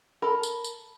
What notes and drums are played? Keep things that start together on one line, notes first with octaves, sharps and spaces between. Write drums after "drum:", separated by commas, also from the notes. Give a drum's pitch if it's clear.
A4 A#4 A5 B5
drum: tambourine
drum: tambourine